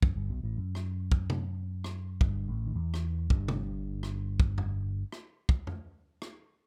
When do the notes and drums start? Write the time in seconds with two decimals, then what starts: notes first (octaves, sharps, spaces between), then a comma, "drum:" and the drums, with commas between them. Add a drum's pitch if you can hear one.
0.02 F#2, drum: kick
0.15 G1 G2
0.30 B1 B2
0.43 A1 A2
0.57 F#2
0.75 drum: rim click
1.12 drum: kick
1.30 drum: tom C3
1.84 drum: rim click
2.21 G1 G2, drum: kick
2.48 A1 A2
2.66 D#3
2.75 E2 E3
2.94 drum: rim click
3.30 G1 G2, drum: kick
3.48 drum: tom C3
4.03 drum: rim click
4.40 drum: kick
4.58 drum: tom F2
5.12 drum: rim click
5.49 drum: kick
5.67 drum: tom F2
6.22 drum: rim click